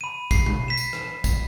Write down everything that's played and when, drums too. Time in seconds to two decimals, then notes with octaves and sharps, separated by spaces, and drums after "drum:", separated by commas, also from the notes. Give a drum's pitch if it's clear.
0.01 B5 D#7
0.31 C7, drum: kick, tambourine
0.46 drum: tom B2
0.68 B6 E7
0.77 drum: tambourine
0.93 drum: rim click
1.24 drum: kick, tambourine